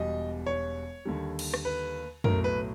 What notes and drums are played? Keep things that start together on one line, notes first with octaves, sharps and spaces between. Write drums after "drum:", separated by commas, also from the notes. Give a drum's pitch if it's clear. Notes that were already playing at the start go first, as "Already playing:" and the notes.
Already playing: E1 E2 B2 G3 D#5
C#5
D#2 D3 G3
drum: cymbal
drum: rim click
B4
B1 A2 F#3 A#4, drum: tom
B4